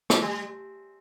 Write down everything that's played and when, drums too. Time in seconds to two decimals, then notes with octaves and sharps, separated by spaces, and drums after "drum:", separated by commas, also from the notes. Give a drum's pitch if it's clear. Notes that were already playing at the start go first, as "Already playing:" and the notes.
0.10 G#3, drum: rim click
0.22 G3